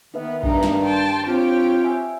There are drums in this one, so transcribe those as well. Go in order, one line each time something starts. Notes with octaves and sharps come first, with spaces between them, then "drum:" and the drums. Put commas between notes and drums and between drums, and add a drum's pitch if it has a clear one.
D#3 B3 D#4 B4 E5
G2 D4 D#4 A#4 B4, drum: kick A#1
drum: snare
G5 A5 C6
C4 F4 G4 C#5 G5
E5 G#5 E6